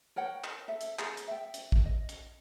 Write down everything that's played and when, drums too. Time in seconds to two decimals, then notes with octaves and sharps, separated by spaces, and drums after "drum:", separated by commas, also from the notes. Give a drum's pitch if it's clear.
0.16 A#4 C#5 F#5 G5
0.44 drum: clap
0.68 A4 E5
0.81 drum: hi-hat
0.99 G#4, drum: clap
1.17 drum: hi-hat
1.28 E5 G5
1.54 drum: hi-hat
1.72 drum: kick
1.86 D#5
2.09 drum: hi-hat